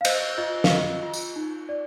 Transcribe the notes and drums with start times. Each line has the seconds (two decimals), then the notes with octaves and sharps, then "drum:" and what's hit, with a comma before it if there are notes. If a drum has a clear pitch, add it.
0.01 F5
0.05 C5 D#5, drum: cymbal
0.38 F4 D#5
0.64 F5, drum: snare
0.70 F4 D#5
1.03 F4
1.14 drum: tambourine
1.36 D#4
1.69 D5